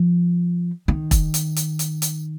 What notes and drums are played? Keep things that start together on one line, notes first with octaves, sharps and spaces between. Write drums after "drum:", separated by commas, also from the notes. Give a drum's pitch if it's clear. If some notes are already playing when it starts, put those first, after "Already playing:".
Already playing: F3
D#3
drum: kick E1, hi-hat
drum: hi-hat
drum: hi-hat
drum: hi-hat
drum: hi-hat